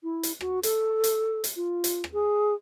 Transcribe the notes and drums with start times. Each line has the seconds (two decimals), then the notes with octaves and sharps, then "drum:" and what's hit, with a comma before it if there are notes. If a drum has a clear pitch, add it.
0.03 E4
0.23 drum: hi-hat
0.41 F#4, drum: rim click
0.63 A4, drum: hi-hat
1.04 drum: hi-hat
1.44 drum: hi-hat
1.56 F4
1.84 drum: hi-hat
2.04 drum: rim click
2.14 G#4